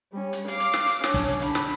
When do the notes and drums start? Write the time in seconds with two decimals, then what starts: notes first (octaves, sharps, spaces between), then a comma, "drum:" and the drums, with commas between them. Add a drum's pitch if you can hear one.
0.12 G3 C#4
0.33 drum: hi-hat
0.48 F5 D6, drum: hi-hat
0.60 drum: hi-hat
0.74 drum: snare
0.87 drum: hi-hat
1.04 C#4 D4, drum: snare
1.14 drum: kick, hi-hat
1.28 drum: hi-hat
1.41 D3 B5, drum: hi-hat
1.55 drum: snare